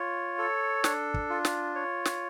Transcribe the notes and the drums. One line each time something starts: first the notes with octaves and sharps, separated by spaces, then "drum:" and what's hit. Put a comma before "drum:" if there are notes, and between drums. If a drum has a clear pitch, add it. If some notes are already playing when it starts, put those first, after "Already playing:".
Already playing: F4 C#5
A4
D4, drum: snare
drum: kick
F4
drum: snare
C#5
drum: snare